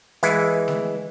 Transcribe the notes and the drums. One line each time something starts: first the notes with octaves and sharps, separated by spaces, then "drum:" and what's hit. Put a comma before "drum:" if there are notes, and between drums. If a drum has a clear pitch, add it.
E3 G#3 E4, drum: hi-hat
drum: snare A3